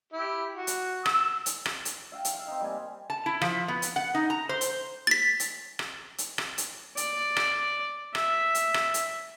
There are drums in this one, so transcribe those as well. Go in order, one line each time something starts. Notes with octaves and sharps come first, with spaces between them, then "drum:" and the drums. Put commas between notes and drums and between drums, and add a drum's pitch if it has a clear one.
E4 G4
F#4
drum: hi-hat
E6, drum: rim click
drum: hi-hat
drum: rim click
drum: hi-hat
E5 F5 G5
drum: hi-hat
E5 F5
C4 D#4
G3 A#3 G#5
A5
E4
F3, drum: rim click
B3
drum: hi-hat
F#5
D#4
A#5
C5
drum: hi-hat
A6 B6
drum: hi-hat
drum: rim click
drum: hi-hat
drum: rim click
drum: hi-hat
D5, drum: hi-hat
drum: rim click
E5, drum: rim click
drum: hi-hat
drum: rim click
drum: hi-hat